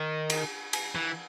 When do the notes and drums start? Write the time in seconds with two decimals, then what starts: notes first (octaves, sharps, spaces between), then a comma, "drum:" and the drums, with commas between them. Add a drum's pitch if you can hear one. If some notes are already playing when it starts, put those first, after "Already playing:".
Already playing: D#3
0.30 drum: cymbal
0.73 drum: cymbal
0.95 E3